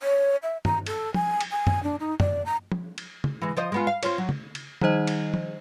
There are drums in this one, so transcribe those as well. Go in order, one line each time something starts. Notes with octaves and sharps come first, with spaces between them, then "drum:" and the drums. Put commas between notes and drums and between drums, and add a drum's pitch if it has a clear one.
C#5
E5
A#5, drum: tom
A4, drum: cymbal
G#5, drum: tom F3
drum: cymbal
G#5
drum: tom
D4
D#4
D5, drum: tom
A#5
drum: tom F3
drum: cymbal
drum: tom
E3 G#3
F3 C5 D#5
G#3 B3 F4
F5
C4 F4 C#5, drum: cymbal
F#3
drum: tom
drum: cymbal
D#3 G3 D#4 C5 D#5, drum: tom F3
drum: cymbal
drum: tom F3